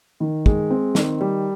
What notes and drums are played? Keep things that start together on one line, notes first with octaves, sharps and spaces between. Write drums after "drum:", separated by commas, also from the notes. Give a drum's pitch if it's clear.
D#3
G#3, drum: kick
C4
D#3, drum: snare
G3